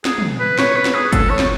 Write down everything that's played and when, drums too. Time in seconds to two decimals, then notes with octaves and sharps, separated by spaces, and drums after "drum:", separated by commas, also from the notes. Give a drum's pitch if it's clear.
0.05 G#4, drum: snare
0.18 drum: tom
0.40 B4
0.59 C#5, drum: snare
0.76 B4
0.85 drum: snare
0.95 G#4
1.13 A4, drum: kick G1, hi-hat
1.30 C#5
1.39 drum: snare